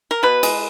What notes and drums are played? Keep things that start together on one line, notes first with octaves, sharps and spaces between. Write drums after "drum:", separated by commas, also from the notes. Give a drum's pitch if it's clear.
A#4
B2 B4
G#3, drum: cymbal